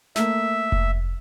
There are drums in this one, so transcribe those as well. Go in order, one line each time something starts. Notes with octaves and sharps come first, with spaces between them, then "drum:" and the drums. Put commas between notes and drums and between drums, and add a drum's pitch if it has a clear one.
A3 A#3 E5, drum: snare
drum: kick F1